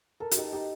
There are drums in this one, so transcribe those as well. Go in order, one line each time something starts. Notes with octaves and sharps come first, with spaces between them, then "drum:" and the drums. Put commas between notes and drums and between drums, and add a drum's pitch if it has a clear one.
A4 A#4
F#4, drum: hi-hat
D#4 G4
D#4 G4